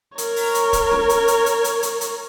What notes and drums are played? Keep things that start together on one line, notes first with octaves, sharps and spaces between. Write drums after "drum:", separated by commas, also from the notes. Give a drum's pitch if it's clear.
A#4 C#5, drum: hi-hat
drum: open hi-hat
drum: hi-hat
drum: kick, hi-hat
drum: snare C#4
drum: hi-hat
drum: hi-hat
drum: hi-hat
drum: hi-hat
drum: hi-hat
drum: hi-hat